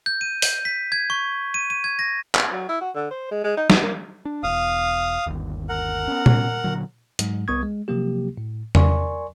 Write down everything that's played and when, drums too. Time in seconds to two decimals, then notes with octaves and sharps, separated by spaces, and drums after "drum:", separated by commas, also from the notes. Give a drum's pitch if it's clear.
0.06 G6
0.21 D#7
0.42 G6, drum: open hi-hat
0.65 B6
0.92 G#6
1.10 C#6
1.54 D#7
1.70 D#7
1.84 G#6
1.99 A#6
2.35 B3, drum: clap
2.52 F#3
2.69 E4
2.81 F#4
2.95 D3
3.11 C5
3.31 G#3
3.44 G#3
3.57 D#4
3.70 B2, drum: snare
3.83 A#3
4.25 D4
4.43 E1 F5 D#6
5.26 G1 D#2
5.69 A#4 F#5
6.08 B3 C#4
6.26 drum: tom A#2
6.64 A#2 D3 F#3
7.19 G#2 F#3 G#3, drum: hi-hat
7.48 C2 B3 C#6 D#6 G#6
7.63 G#3
7.88 C3 F3 F#3 A#3 G4
8.37 A2
8.75 A#4 D5 G#5 C6 C#6, drum: tom E2